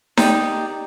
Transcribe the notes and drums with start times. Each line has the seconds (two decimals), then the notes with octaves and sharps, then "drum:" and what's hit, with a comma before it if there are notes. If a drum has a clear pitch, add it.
0.17 D#4 G4 D5 G5, drum: snare D#4